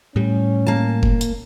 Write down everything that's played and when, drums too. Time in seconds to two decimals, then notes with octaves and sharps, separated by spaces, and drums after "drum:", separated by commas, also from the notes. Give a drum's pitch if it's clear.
0.16 A2 G3 C#4
0.67 A#3 A5
1.03 drum: kick F1
1.21 drum: hi-hat